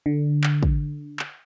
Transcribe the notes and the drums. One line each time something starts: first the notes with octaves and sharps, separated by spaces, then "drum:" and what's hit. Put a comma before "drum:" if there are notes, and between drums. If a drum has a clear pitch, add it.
D3
drum: clap
drum: kick
drum: clap